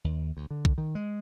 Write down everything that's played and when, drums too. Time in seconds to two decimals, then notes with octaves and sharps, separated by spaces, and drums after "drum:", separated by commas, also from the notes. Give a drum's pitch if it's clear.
0.04 D#2
0.37 D2
0.50 D3
0.65 drum: kick
0.78 D#3
0.95 G#3